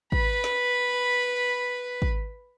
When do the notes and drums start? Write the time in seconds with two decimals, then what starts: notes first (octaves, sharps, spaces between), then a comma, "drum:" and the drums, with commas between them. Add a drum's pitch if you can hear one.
0.12 B4 B5, drum: kick
0.44 drum: snare
2.02 drum: kick